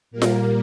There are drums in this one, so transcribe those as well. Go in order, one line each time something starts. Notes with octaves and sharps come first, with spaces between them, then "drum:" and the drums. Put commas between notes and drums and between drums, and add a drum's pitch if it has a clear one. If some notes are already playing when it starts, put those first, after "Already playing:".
A#2 G3 A#3 A#4
drum: snare F4